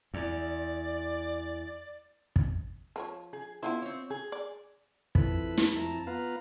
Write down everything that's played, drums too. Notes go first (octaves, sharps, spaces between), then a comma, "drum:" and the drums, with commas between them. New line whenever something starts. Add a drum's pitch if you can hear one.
E2 D5
drum: kick
F3 A#4 C#5
G#4
B3 E4 F4 C5
C4 C#5
G#4
D5
F2 E4 A4 B4 B5, drum: kick
drum: snare
F2 E4 A5 A#5
B3 F4 B4 F5 A#5